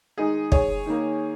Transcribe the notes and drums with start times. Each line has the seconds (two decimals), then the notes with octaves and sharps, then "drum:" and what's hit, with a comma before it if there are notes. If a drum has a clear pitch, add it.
0.17 D#3 G#3 D#4 G#4
0.52 G#4 C#5, drum: kick
0.86 D#3 A#3